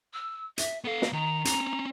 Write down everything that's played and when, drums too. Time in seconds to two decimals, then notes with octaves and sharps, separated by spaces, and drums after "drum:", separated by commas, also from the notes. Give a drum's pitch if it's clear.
0.14 E6
0.58 E5, drum: hi-hat
0.84 B3 A4 F5
1.02 drum: snare
1.13 D#3 A#5
1.45 C4 C#4, drum: hi-hat